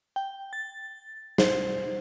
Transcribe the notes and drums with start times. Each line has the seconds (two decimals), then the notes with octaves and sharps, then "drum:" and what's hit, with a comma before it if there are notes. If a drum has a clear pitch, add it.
0.16 G5
0.53 A6
1.38 C5, drum: snare